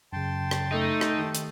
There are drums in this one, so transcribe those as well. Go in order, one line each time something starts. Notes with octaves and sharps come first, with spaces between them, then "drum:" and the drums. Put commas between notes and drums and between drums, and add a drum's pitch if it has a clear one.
F#2 C#3 G5 A5 C6
drum: rim click
A3 D#4
drum: rim click
D#3 G4
drum: hi-hat